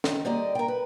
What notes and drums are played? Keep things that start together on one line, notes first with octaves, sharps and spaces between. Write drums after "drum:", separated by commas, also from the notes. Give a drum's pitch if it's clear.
D#3, drum: snare
D3 G3 A#3 G4 D5 D#5
A#4 G5
B4